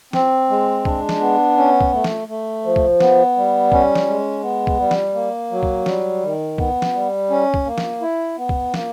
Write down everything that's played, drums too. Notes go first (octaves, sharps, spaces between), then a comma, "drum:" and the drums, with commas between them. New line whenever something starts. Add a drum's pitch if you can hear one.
C4, drum: snare
G#3
D4, drum: kick
drum: snare
B3
C#4
drum: kick
A3
drum: snare
A3
F3
drum: kick
B3, drum: snare
G3
C#4, drum: kick
drum: snare
G#3
B3
drum: kick
G3
drum: snare
A#3
F#3
drum: kick
G3, drum: snare
D#3
B3, drum: kick
drum: snare
G3
C#4
drum: kick
A#3
drum: snare
E4
B3
drum: kick
A#3, drum: snare